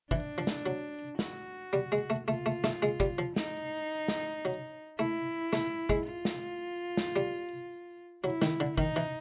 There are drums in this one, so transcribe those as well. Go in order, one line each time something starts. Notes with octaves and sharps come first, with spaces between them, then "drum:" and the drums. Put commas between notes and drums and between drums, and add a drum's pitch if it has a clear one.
E3 D4, drum: kick
F3
drum: snare
F#3
F#4, drum: snare
G3
G#3
A3
A3 F4
A3
A3, drum: snare
G#3
G3, drum: kick
F3
D#4, drum: snare
drum: snare
F#3
A3 E4
A3, drum: snare
G#3, drum: kick
F4
drum: snare
drum: snare
G3
F#3 E4
D#3, drum: snare
D3
D#3 D#4, drum: kick
E3